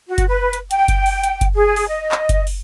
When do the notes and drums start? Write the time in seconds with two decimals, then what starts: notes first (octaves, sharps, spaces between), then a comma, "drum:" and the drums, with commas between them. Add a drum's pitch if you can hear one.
0.08 F#4
0.18 drum: kick F#1, hi-hat
0.28 B4
0.53 drum: hi-hat
0.71 G5, drum: hi-hat
0.88 drum: kick F#1, hi-hat
1.06 drum: open hi-hat
1.24 drum: hi-hat
1.41 drum: kick F#1, hi-hat
1.55 G#4
1.76 drum: open hi-hat
1.88 D#5
2.12 drum: clap
2.29 drum: kick F#1, hi-hat
2.47 drum: open hi-hat